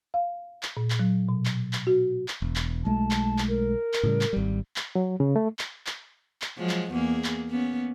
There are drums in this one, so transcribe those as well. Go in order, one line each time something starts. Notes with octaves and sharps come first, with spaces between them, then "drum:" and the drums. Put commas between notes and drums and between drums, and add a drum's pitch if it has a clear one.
F5
drum: clap
A#2
drum: clap
F#3
B2
drum: clap
drum: clap
F#4
drum: clap
E1
drum: clap
B1 G#3 A3 A5
drum: clap
drum: clap
A#4
drum: clap
A2 C#3 G3
drum: clap
G#1 G3
drum: clap
F#3
C#3
A3
drum: clap
drum: clap
drum: clap
F3 F#3 G#3
drum: clap
E2 A#3 G#4
drum: clap
A#3 B3 C#4